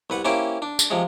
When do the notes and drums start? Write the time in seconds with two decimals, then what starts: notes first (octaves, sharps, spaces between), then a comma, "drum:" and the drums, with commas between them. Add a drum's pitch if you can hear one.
0.10 C2 B4 F#5
0.25 A#3 C#4 E4 G4 C5 G5
0.62 D4
0.79 drum: tambourine
0.90 C3 F3 G#3